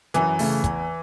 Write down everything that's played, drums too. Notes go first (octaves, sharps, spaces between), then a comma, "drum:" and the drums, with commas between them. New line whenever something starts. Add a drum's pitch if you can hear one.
F#2 E3, drum: hi-hat
C#3 A3, drum: open hi-hat
E2, drum: kick, hi-hat